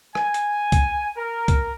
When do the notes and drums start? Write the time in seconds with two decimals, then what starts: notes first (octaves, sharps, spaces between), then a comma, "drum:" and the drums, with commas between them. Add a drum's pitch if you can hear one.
0.15 G#5, drum: rim click
0.34 drum: hi-hat
0.72 drum: kick C2, hi-hat
1.16 A#4
1.48 drum: kick C2, hi-hat